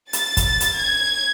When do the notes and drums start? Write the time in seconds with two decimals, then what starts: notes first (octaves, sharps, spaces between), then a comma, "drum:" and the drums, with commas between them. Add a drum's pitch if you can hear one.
0.13 A6, drum: hi-hat
0.37 drum: kick, hi-hat
0.60 drum: hi-hat
0.77 G#6